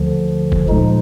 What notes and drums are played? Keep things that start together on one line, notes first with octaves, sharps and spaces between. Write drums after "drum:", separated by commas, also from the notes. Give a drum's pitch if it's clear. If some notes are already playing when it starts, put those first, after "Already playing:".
Already playing: D2 D3 F3
drum: kick F1
A#2 F3 G#3 D#4